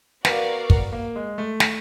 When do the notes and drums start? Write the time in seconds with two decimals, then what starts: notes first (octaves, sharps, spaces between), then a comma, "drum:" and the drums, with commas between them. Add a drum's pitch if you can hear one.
0.25 B3 F#4 A#4 D5 F5, drum: snare
0.70 drum: kick
0.92 A#3
1.16 G#3
1.38 A3
1.60 drum: snare